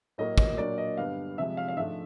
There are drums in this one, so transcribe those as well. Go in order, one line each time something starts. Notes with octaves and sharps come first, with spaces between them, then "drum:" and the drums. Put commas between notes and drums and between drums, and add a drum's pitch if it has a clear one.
A2 F#3 A#3 D#5
D#5, drum: kick
A#2 F#3 A#3 D4 D5
D#5
G2 D3 G3 B3 D4 F5
C3 F3 G#3 E5
F5
F5
G#2 F3 A3 D4 E5